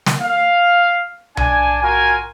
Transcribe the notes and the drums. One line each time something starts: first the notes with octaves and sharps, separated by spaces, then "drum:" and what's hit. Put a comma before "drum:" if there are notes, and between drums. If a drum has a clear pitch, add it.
drum: snare
F5
D4 G#5, drum: tom B1
F4 F#4 A#4 G#5